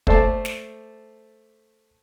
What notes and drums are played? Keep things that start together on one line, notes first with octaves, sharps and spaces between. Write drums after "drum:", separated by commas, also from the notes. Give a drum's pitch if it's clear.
A3 C5 D5 A5, drum: kick
drum: snare